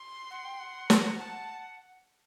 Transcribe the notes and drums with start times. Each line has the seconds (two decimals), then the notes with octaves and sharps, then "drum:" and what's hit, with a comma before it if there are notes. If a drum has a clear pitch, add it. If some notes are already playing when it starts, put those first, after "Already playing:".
Already playing: C6
0.30 F#5
0.45 G5
0.60 F#5
0.90 A#5, drum: snare
1.19 F#5 A5